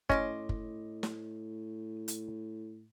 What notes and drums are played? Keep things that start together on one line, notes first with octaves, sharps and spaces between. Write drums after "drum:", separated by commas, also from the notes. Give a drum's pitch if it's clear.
A2 C#4 D#5 C6 D6, drum: kick
drum: kick
drum: snare
drum: hi-hat